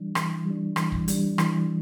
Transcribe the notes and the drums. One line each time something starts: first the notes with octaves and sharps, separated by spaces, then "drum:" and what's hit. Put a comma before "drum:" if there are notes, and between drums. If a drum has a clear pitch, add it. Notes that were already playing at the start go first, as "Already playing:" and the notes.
Already playing: E3 G3 D4
E3, drum: rim click
G3 D4
E3, drum: rim click
drum: kick
G3 D4, drum: hi-hat
E3, drum: rim click